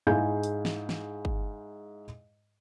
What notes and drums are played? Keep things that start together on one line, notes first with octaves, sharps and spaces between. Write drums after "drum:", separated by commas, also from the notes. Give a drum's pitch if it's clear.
G#2 E4 G#4 F5 G#5 G6
drum: hi-hat
drum: snare
drum: snare
drum: kick